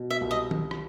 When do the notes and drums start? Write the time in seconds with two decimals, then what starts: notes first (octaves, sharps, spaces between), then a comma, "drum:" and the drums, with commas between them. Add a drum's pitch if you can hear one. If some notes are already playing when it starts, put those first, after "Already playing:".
Already playing: B2
0.10 E5
0.21 C2
0.31 D#5
0.51 drum: tom D#3
0.71 drum: rim click